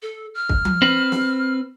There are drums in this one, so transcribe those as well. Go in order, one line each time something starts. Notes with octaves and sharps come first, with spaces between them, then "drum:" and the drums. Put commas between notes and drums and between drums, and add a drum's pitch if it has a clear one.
A4
F6
drum: kick
drum: tom F3
C4 B4
drum: snare